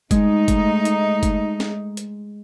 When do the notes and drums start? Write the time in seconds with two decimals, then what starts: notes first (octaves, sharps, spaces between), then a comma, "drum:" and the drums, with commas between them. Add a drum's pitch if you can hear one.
0.11 G#3 A3 D#4, drum: kick G1, hi-hat
0.48 drum: kick G1, hi-hat
0.85 drum: hi-hat
1.23 drum: kick G1, hi-hat
1.60 drum: snare
1.97 drum: hi-hat